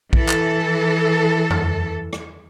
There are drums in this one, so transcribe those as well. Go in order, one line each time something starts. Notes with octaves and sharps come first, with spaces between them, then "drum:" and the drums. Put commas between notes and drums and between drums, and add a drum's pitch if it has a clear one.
E3 A4, drum: kick A#1
drum: clap
drum: tom E2
drum: rim click